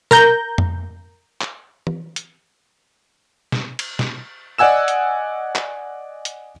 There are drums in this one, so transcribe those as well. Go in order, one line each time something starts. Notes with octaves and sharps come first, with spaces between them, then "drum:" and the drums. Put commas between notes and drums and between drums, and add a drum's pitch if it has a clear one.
A#4 A#5 G6, drum: snare
drum: tom F2
drum: clap
drum: tom E3
drum: hi-hat
drum: snare
drum: cymbal
drum: snare
D5 D#5 F#5 G#5 E6 E7
drum: hi-hat
drum: clap
drum: hi-hat